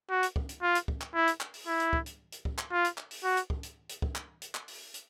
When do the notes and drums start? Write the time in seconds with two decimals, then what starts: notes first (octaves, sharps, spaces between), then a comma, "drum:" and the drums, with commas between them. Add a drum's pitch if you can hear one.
0.10 F#4
0.23 drum: hi-hat
0.36 drum: kick
0.49 drum: hi-hat
0.62 F4
0.75 drum: hi-hat
0.88 drum: kick
1.01 drum: clap
1.15 E4
1.27 drum: hi-hat
1.41 drum: clap
1.54 drum: open hi-hat
1.67 E4
1.80 drum: hi-hat
1.93 drum: kick
2.06 drum: hi-hat
2.32 drum: hi-hat
2.45 drum: kick
2.58 drum: clap
2.72 F4
2.85 drum: hi-hat
2.98 drum: clap
3.11 drum: open hi-hat
3.24 F#4
3.37 drum: hi-hat
3.50 drum: kick
3.63 drum: hi-hat
3.89 drum: hi-hat
4.02 drum: kick
4.15 drum: clap
4.42 drum: hi-hat
4.55 drum: clap
4.68 drum: open hi-hat
4.94 drum: hi-hat